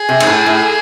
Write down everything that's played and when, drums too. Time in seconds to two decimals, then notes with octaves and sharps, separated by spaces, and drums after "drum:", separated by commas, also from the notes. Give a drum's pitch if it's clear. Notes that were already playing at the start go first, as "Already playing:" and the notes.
Already playing: G#4
0.09 C3
0.20 G#2, drum: cymbal
0.27 A2
0.46 A2